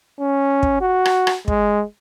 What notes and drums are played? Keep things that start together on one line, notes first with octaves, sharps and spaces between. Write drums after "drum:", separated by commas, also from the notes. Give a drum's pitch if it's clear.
C#4
drum: kick
F#4
drum: rim click
drum: rim click
G#3, drum: kick